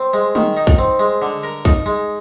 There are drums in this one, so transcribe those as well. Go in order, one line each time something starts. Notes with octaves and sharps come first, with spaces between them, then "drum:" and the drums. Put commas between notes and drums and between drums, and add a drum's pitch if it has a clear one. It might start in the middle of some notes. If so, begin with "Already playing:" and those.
Already playing: C4
G#3
D#3, drum: tom
D#4
drum: kick
C4
G#3
D3
A#4
D#4, drum: kick
G#3